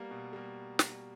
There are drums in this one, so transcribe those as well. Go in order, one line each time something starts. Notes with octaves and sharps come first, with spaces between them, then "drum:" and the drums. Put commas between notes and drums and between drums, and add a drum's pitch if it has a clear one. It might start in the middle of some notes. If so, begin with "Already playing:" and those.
Already playing: G3 A#3 B3
B2
G3 A#3
drum: snare